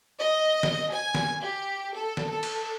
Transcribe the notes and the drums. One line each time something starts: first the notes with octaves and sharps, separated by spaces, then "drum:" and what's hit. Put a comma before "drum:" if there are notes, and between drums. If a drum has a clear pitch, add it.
D#5
drum: snare
G#5
drum: snare
G4
A4
drum: snare
A4
drum: cymbal